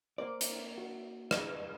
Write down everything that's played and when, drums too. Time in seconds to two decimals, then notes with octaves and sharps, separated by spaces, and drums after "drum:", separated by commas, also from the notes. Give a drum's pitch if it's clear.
0.18 A#3 A#4 C5 D5
0.41 drum: hi-hat
0.78 F#4
1.31 drum: rim click